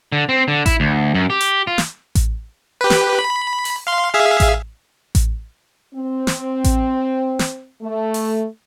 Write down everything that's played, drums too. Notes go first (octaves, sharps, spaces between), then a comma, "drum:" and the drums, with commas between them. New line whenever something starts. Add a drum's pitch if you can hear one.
D3
C4
D3
E4, drum: kick A1, hi-hat
D2
F#2
G4
drum: hi-hat
F4
drum: snare
drum: kick A1, hi-hat
G4 B4
drum: snare
B5
drum: open hi-hat
F5 C6
G#4 E5 F5
drum: kick A1, hi-hat
drum: kick A1, hi-hat
C4
drum: snare
drum: kick A1, hi-hat
drum: snare
A3
drum: open hi-hat